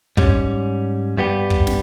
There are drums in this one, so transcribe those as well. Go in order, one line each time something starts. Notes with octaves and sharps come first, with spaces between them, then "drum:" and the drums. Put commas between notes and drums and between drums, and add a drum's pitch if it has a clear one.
G#2 G3 C#4, drum: kick
G2 G3 B3 G4
drum: kick
drum: snare